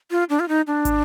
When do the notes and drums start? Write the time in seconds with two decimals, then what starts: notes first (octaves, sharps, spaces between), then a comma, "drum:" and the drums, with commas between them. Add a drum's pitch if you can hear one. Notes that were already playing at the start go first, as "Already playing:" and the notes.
0.11 F4
0.30 D4
0.40 F4
0.49 D#4
0.67 D4
0.85 drum: kick, hi-hat